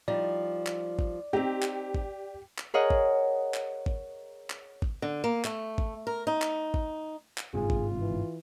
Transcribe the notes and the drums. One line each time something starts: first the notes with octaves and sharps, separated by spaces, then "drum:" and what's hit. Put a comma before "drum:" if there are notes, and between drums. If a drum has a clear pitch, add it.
F3 G3 D#4 D5
drum: clap
drum: kick G#1
C4 D#4 G4
drum: clap
drum: kick G#1
drum: clap
G#4 A#4 C#5 D#5 F#5
drum: kick G#1
drum: clap
drum: kick G#1
drum: clap
drum: kick G#1
D3
A#3
A3, drum: clap
drum: kick G#1
A#4
D#4
drum: clap
drum: kick G#1
drum: clap
G1 G#2 C3 F4 G#4
drum: kick G#1
E3